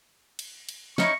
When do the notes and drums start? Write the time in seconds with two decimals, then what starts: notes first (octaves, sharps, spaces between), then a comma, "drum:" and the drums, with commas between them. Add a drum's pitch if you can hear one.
0.39 drum: cymbal
0.69 drum: cymbal
0.98 C#4 D#4 E4 C#6, drum: snare